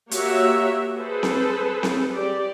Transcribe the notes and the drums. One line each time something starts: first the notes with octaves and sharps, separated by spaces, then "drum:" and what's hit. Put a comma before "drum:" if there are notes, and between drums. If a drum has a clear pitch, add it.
A#3 F#4 G4 C#5 E5, drum: hi-hat
G#4 A4 B4 C5
drum: snare C4
drum: snare C4
G4 D5